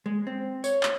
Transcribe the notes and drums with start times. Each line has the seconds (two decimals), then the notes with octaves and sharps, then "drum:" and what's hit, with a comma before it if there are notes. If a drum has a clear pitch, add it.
0.06 G#3
0.27 C4
0.64 C#5, drum: tambourine
0.83 drum: clap